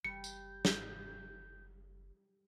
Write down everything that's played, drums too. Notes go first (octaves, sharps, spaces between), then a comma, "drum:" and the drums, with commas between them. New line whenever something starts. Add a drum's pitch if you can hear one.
F#1 G3 G6 C#7
drum: tambourine
drum: snare